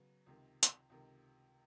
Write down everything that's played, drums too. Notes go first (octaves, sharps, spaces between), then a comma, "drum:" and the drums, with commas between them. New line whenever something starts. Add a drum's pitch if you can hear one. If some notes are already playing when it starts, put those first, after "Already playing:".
Already playing: C#3 F#3 B3
C#2 C3 D#3
drum: hi-hat
C#2 C3 D#3